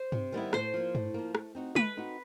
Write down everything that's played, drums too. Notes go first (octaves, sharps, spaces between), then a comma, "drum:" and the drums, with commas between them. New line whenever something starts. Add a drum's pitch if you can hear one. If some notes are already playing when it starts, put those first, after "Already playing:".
Already playing: C5
C3, drum: tom G2
D#3 G3 B3 E4
A2 C5, drum: rim click
F3 A#3
A2, drum: tom G2
F3 A#3
A3, drum: rim click
C4 D#4 F#4
A3 B4, drum: tom G#3
C4 D#4 F#4